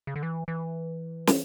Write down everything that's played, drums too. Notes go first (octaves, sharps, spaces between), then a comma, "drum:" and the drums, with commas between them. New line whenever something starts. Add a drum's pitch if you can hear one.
C#3
D3
E3
E3
drum: snare